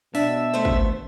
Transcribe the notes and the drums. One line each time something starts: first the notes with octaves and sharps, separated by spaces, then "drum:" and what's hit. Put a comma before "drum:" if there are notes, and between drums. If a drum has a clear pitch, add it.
B2 D4 E5, drum: open hi-hat
A3 B3 C5
drum: kick G#1